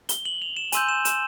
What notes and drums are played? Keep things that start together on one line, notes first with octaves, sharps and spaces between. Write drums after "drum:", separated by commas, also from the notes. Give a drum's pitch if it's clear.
G7, drum: hi-hat
F#7
F7
E7
G#5 C6 E6 G6 D#7, drum: hi-hat
E7
E7, drum: hi-hat